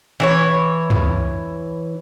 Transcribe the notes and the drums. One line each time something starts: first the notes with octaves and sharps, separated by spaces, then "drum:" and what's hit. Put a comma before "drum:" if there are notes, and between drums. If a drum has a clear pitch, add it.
E3 E4 C#5
drum: tom